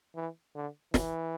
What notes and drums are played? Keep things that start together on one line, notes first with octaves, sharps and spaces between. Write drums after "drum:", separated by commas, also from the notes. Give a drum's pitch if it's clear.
E3
D3
E3, drum: snare